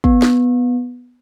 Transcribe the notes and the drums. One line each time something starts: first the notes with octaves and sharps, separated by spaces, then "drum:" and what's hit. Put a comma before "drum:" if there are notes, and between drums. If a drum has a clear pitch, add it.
B3, drum: kick
drum: snare